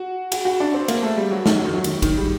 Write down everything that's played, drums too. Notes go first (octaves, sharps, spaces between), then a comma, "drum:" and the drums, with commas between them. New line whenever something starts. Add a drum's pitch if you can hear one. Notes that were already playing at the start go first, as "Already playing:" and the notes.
Already playing: F#4
F#4, drum: cymbal
F#4
D4
C4
A#3, drum: cymbal
A3
G3
F#3
D#3, drum: snare
F#3
D#3
F#3
D#3, drum: cymbal
D#3, drum: kick, cymbal
G3